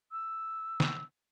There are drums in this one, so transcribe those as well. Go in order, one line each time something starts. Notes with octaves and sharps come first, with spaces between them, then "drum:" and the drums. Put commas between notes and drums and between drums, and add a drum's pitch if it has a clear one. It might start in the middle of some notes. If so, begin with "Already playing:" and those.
E6
drum: snare